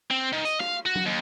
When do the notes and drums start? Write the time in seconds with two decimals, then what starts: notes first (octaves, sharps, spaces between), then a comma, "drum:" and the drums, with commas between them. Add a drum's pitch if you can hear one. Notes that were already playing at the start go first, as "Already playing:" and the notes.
0.11 C4
0.33 D#3
0.45 D#5, drum: hi-hat
0.60 F5, drum: rim click
0.86 F#4
0.96 drum: tom F#3
1.05 D#2